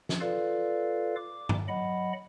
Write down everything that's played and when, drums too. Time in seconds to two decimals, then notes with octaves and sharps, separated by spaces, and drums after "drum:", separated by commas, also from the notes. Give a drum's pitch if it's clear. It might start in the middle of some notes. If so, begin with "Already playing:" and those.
0.09 drum: snare
0.21 F4 A4 B4 D5 F5
1.16 D6
1.49 drum: tom G2
1.68 F#3 D#5 F#5 B5